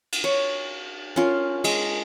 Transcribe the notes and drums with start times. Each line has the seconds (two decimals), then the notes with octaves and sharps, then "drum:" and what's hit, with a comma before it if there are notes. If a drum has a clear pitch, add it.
0.12 drum: cymbal
0.24 C#5
1.16 C#4 F4 A#4
1.64 G#3, drum: cymbal